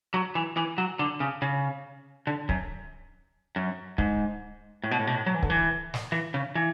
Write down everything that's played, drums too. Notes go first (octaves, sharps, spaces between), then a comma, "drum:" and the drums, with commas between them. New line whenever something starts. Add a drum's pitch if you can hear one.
F#3
E3
E3
F#3
D3
C#3
C#3
D3
F#2, drum: kick C#1
F#2
G#2, drum: kick C#1
A2
B2
A2
B2
A2
F#3
E3
D3, drum: kick C#1
E3
drum: snare
E3
C#3
E3